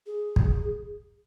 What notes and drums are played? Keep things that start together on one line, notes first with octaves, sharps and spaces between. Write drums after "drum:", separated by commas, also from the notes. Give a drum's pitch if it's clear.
G#4
drum: kick